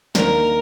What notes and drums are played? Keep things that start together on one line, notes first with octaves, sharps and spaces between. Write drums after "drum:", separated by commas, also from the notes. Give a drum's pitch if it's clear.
D#2 D#3 A#3 D4 A#4, drum: snare